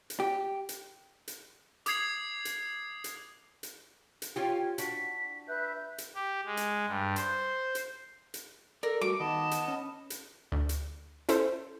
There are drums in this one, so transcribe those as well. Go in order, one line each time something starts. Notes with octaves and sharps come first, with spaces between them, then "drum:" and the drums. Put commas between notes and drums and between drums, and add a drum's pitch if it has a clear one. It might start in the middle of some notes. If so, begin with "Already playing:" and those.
drum: hi-hat
G4
drum: hi-hat
drum: hi-hat
D6 D#6 G#6 C7 F7, drum: hi-hat
drum: hi-hat
drum: hi-hat
drum: hi-hat
drum: hi-hat
C#4 F4 G4 G#6
D4 F#4 B6, drum: hi-hat
B4 E5 F#6 G6
drum: hi-hat
G4
G#3
drum: hi-hat
G2
C5, drum: hi-hat
drum: hi-hat
drum: hi-hat
A4 A#4 D5
G3 A3 F#4 D6
D#3 B3 D#5 A5
drum: hi-hat
C#4
drum: hi-hat
D2
drum: hi-hat
C#4 E4 A4 C5, drum: hi-hat